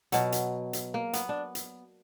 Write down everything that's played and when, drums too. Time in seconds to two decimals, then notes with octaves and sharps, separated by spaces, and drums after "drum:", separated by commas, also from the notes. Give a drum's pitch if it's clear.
0.12 B2 F#3, drum: hi-hat
0.32 drum: hi-hat
0.73 drum: hi-hat
0.94 A#3
1.13 B3, drum: hi-hat
1.29 D4
1.55 drum: hi-hat